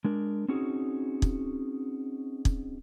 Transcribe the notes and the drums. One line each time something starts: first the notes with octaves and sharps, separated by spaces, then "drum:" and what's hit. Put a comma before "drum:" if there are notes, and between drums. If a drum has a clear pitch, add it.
G#3 D4 A#4
C4 C#4 D#4 F#4 G#4
drum: kick
drum: kick